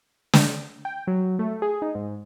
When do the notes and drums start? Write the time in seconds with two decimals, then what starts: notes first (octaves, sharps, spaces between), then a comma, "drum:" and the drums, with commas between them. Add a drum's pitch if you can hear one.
0.33 drum: snare
0.85 G5
1.07 F#3
1.39 A3
1.62 G#4
1.82 D#4
1.95 G#2